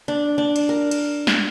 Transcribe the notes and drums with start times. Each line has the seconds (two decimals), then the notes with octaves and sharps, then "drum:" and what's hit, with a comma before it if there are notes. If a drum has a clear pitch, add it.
0.08 D4
0.38 D4
0.56 drum: cymbal
0.69 A#4
0.91 drum: cymbal
1.27 drum: snare